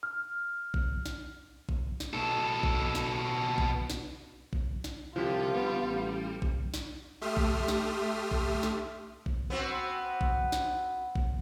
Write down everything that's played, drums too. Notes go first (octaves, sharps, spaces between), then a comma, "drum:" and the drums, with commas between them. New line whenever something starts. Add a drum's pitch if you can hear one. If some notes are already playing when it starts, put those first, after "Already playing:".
F6
drum: kick A#1
drum: snare
drum: kick A#1
drum: snare
B2 A4
drum: kick A#1
drum: snare
drum: kick A#1
drum: snare
drum: kick A#1
drum: snare
C2 D3 F3 F4 G4
G3 B3
A1
drum: kick A#1
drum: snare
A3 G4 E5 C6 D#6 F6
drum: kick A#1
drum: snare
drum: kick A#1
drum: snare
drum: kick A#1
B3 C4 F#4
drum: kick A#1
drum: snare
drum: kick A#1